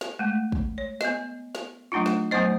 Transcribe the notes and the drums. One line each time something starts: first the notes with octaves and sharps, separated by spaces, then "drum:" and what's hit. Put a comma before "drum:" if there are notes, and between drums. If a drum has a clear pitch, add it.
drum: snare
G#3 A3
drum: kick
C#5
B3 D#5, drum: snare
drum: snare
F#3 A3 D4 D#4 F4
drum: snare
F#3 A3 B3 D#4 C5 D#5